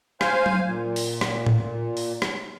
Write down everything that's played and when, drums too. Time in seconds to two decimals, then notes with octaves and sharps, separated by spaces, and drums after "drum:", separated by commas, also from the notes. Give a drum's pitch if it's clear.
0.21 C5 F5 G#5, drum: rim click
0.46 drum: tom F#3
0.66 A#2
0.96 drum: open hi-hat
1.21 drum: rim click
1.46 drum: tom A2
1.97 drum: open hi-hat
2.22 drum: rim click